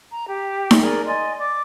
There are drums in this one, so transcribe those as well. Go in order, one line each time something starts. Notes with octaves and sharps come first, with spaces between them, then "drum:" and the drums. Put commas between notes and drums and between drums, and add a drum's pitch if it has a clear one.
A#5
G4
drum: snare D#4
G#4 A#4 D5
D5 D#5 G#5 C6
D5 D6